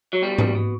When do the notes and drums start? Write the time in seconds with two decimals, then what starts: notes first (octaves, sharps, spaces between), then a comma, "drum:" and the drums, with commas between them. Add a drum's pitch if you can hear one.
0.13 F#3
0.22 B2 G3
0.38 B2, drum: tom G#2
0.55 B2